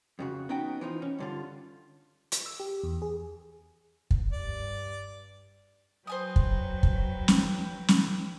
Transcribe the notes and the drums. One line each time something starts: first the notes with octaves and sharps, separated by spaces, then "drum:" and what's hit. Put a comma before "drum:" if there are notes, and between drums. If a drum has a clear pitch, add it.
F2 C#3 F#4
B3 C#4 D#4 F#4 G5
E3 F3 D#4
C#4
G2 D3 F4
drum: hi-hat
E6
G4
E2
G#4
drum: kick
G2 D5
F#3 B4 C5 G5 G#5 D#6
drum: kick
drum: kick
drum: snare
drum: snare